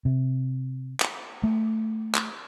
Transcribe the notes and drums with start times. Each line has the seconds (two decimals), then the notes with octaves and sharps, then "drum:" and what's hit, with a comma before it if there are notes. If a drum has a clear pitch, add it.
0.05 C3
1.00 drum: clap
1.44 A3
2.15 drum: clap